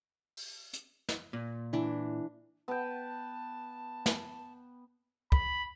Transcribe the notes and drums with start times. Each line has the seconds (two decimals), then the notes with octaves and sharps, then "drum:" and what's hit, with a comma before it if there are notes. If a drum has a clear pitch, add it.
0.37 drum: open hi-hat
0.73 drum: hi-hat
1.09 drum: snare
1.33 A#2
1.73 E3 D4
2.68 B3 G5 A5
4.06 drum: snare
5.32 B5, drum: kick